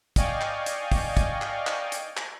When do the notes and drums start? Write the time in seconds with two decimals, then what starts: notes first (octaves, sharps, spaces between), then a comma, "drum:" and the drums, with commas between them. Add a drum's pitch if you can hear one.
0.16 D5 D#5 F5 G5 G#5 C#6, drum: kick, hi-hat
0.41 drum: clap
0.66 drum: hi-hat
0.92 drum: kick, open hi-hat
1.17 drum: kick, hi-hat
1.42 drum: clap
1.67 drum: clap
1.92 drum: hi-hat
2.17 drum: clap